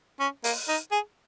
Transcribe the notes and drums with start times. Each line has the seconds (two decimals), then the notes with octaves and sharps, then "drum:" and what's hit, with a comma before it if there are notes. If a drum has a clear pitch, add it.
0.20 C#4
0.44 A#3, drum: open hi-hat
0.69 D#4
0.91 G#4